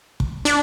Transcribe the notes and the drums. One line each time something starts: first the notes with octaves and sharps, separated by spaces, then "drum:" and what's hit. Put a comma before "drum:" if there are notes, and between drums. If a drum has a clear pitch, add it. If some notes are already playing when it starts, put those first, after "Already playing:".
drum: kick
D4, drum: hi-hat